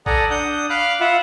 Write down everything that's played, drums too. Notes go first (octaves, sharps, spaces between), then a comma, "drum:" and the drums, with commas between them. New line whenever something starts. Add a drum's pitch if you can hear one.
A4 D5 F#5 G#5 A#5 D#6, drum: kick A1
D4 F#5 D#6 G6
F5 B5 D6 F6 F#6
F4 E5 F#5 B5